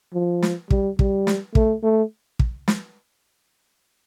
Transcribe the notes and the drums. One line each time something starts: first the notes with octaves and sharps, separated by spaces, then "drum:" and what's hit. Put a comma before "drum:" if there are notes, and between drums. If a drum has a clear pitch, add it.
F3
drum: snare
G3, drum: kick
G3, drum: kick
drum: snare
A3, drum: kick
A3
drum: kick
drum: snare